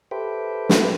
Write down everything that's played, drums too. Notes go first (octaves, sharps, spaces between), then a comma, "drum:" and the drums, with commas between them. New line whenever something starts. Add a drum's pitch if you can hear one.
G4 A4 B4 C5 E5 G5
drum: snare